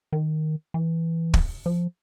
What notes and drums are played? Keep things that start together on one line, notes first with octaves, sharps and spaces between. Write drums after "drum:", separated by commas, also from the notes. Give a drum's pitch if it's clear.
D#3
E3
drum: kick
F3